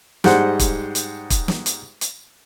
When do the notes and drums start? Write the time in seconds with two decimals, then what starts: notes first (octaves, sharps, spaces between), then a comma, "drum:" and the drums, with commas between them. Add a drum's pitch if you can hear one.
0.24 G#2 G3 G#3 C5 F#5, drum: snare
0.59 drum: kick, hi-hat
0.95 drum: hi-hat
1.30 drum: kick, hi-hat
1.48 drum: snare
1.66 drum: hi-hat
2.01 drum: hi-hat